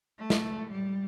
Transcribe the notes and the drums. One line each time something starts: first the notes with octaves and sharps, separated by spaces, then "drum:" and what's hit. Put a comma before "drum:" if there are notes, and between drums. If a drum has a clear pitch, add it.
A3
drum: snare
G3